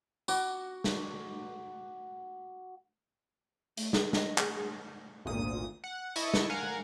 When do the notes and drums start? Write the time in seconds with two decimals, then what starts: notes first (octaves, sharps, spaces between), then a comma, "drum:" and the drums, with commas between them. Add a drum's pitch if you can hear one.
0.28 F#4 D6, drum: tambourine
0.84 drum: snare
3.77 A3, drum: hi-hat
3.93 G#4, drum: snare
4.13 D#5, drum: snare
4.38 G#4, drum: clap
4.56 G#4
5.25 G#1 D2 A#2 D#6
5.84 F#5
6.16 E4 D#5 A5 C#6, drum: hi-hat
6.34 drum: snare
6.50 A#4 F5 F#5 G#5 A#5